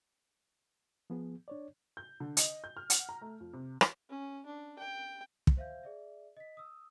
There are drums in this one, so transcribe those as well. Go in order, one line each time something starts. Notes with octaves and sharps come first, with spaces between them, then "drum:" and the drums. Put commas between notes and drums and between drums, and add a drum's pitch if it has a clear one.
F3 B3 G#4
D4 C#5 D5
G6
D3
D#5, drum: hi-hat
G6
F6
F#5, drum: hi-hat
A#5
A3
F2
C3
drum: rim click
C#4
D4
G5
drum: kick
C5 E5 F5 G6
G#4 D5 E5
D#5 B6
D#6 E6